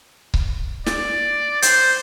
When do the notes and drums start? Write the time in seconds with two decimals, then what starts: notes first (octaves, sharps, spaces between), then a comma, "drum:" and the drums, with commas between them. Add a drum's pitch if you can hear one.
0.34 drum: kick C#1
0.86 D5, drum: snare
1.62 C5, drum: hi-hat